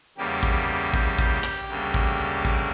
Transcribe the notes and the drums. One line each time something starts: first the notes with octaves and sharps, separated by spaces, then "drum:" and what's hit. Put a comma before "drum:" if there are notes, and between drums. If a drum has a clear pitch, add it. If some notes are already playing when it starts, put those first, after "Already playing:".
E2 C#3 G3 A#3 G4
drum: kick A1
G4, drum: kick A1
drum: kick A1
drum: clap
D2 C#3 G3 A#3
drum: kick A1
drum: kick A1